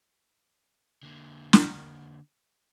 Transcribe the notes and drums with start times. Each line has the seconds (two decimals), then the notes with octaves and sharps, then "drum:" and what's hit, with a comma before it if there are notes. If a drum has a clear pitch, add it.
1.03 D3 A#3
1.53 drum: snare